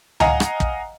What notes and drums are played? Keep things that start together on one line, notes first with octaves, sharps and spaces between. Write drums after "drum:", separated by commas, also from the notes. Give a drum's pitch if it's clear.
D#5 F5 F#5 G#5 A#5, drum: tom C#2
drum: rim click
drum: kick